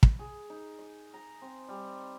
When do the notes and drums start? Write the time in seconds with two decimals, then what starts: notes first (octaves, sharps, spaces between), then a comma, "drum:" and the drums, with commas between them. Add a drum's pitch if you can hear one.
0.03 B5, drum: kick
0.19 G#4
0.50 D#4
0.79 D#5
1.14 A#5
1.42 C4
1.68 G3